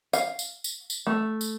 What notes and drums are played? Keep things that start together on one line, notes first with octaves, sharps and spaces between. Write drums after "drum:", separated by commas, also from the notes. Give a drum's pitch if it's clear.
F5, drum: tambourine
drum: tambourine
drum: tambourine
drum: tambourine
A3
drum: tambourine